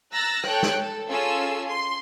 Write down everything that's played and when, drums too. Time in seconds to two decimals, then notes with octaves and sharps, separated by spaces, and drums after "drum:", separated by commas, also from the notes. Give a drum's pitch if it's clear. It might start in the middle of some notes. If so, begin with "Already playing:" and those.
0.12 A#5 E6 F#6 A6 A#6
0.43 A4 C#5 G5 F#6, drum: rim click
0.63 drum: snare
0.80 A4
1.10 C#4 F4 G#4 A4 G#5 E6
1.69 C6